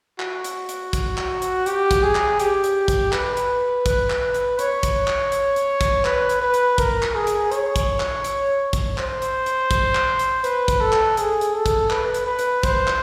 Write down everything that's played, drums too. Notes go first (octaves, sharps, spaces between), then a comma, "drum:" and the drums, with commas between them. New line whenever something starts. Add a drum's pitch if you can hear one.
F#4, drum: clap
drum: hi-hat
drum: hi-hat
drum: kick, hi-hat
drum: clap
drum: hi-hat
G4, drum: hi-hat
drum: kick, hi-hat
G#4
drum: clap
G4, drum: hi-hat
drum: hi-hat
drum: kick, hi-hat
B4, drum: clap
drum: hi-hat
drum: kick, hi-hat
drum: clap
drum: hi-hat
C#5, drum: hi-hat
drum: kick, hi-hat
drum: clap
drum: hi-hat
drum: hi-hat
drum: kick, hi-hat
B4, drum: clap
drum: hi-hat
B4
drum: hi-hat
A#4, drum: kick, hi-hat
drum: clap
G#4
drum: hi-hat
C#5, drum: hi-hat
drum: kick, hi-hat
drum: clap
drum: hi-hat
drum: kick, hi-hat
C5, drum: clap
drum: hi-hat
drum: hi-hat
drum: kick, hi-hat
drum: clap
drum: hi-hat
B4, drum: hi-hat
drum: kick, hi-hat
A4
drum: clap
G#4, drum: hi-hat
drum: hi-hat
A4
drum: kick, hi-hat
B4, drum: clap
drum: hi-hat
B4
drum: hi-hat
C5, drum: kick, hi-hat
drum: clap